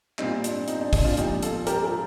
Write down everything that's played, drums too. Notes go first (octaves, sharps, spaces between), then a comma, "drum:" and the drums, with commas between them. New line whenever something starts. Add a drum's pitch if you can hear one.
A#2 G3 C4 D#4, drum: clap
D4, drum: hi-hat
C4 D#4, drum: hi-hat
D4
D4, drum: kick, open hi-hat
D4 F4
A#2 F3 D#4 G4, drum: hi-hat
F4 A4, drum: hi-hat
G4 A#4, drum: hi-hat
G4 A#4